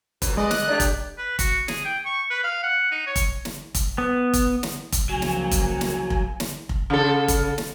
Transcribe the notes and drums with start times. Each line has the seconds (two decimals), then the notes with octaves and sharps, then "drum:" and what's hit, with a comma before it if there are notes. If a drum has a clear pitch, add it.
0.22 F2 F#3 B4, drum: kick F1, hi-hat
0.37 G#3 B4 D5 D#5
0.51 F#6, drum: snare
0.67 G#3 D4 G4 D5
0.80 drum: kick F1, hi-hat
1.18 B4
1.39 F#4, drum: kick F1, hi-hat
1.68 G#4, drum: snare
1.85 G5
2.06 C#6
2.31 B4
2.44 F5
2.63 F#5
2.91 D#4
3.06 C#5
3.16 drum: kick F1, hi-hat
3.45 drum: snare
3.75 drum: kick F1, hi-hat
3.98 B3
4.33 drum: kick F1, hi-hat
4.63 drum: snare
4.92 drum: kick F1, hi-hat
5.09 C#2 F3 F#3 A#3 G#5
5.22 drum: snare
5.51 drum: kick F1, hi-hat
5.81 drum: snare
6.10 drum: kick F1
6.40 drum: snare
6.69 drum: kick F1
6.90 C#3 A4
7.28 drum: kick F1, hi-hat
7.58 drum: snare